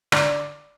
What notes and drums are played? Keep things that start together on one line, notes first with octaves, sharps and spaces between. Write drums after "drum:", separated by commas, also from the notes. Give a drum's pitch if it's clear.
D3 D5, drum: rim click